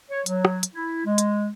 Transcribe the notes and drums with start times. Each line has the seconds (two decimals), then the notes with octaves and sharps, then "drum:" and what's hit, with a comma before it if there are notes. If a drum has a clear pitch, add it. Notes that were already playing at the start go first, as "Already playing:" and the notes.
0.11 C#5
0.26 F#3, drum: hi-hat
0.45 drum: rim click
0.63 drum: hi-hat
0.74 E4
1.06 G#3
1.18 drum: hi-hat